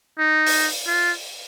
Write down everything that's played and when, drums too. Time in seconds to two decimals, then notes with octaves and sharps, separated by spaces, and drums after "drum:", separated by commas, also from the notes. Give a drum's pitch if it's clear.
0.19 D#4
0.46 drum: open hi-hat
0.87 F4